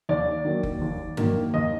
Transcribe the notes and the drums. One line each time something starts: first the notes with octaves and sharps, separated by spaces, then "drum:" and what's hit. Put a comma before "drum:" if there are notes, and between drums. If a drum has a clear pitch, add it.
D#2 D5
D#3 F#3 A#3
drum: kick F#1
D#2
D#3 F#3 A#3, drum: tom G2
D#2 D#5